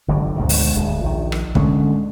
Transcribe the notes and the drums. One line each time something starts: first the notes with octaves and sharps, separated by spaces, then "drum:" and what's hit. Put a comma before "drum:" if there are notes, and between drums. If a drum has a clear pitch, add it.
G1 D3 F#3 G3
D2 G#2 B2 D#3
drum: open hi-hat
D1
A#1 D#3
drum: rim click
D3 G#3 C#4, drum: kick